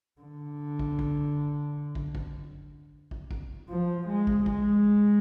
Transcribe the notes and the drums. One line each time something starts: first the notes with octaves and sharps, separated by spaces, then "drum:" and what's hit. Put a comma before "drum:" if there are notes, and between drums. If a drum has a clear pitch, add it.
D3
drum: kick
drum: kick
drum: kick
drum: kick
drum: kick
drum: kick
F3
G#3
drum: kick
G#3, drum: kick